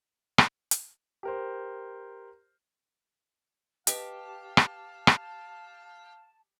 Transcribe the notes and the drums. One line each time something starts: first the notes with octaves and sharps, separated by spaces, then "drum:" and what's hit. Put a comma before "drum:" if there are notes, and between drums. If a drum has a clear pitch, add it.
drum: rim click
drum: hi-hat
G4 A#4 C5
G4 B4 D#5 F5 A5, drum: hi-hat
drum: rim click
drum: rim click